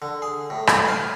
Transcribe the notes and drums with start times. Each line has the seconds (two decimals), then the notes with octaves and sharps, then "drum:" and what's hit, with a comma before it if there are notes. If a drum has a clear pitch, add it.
0.02 D3
0.22 G#4
0.50 A2
0.67 drum: rim click
0.88 F5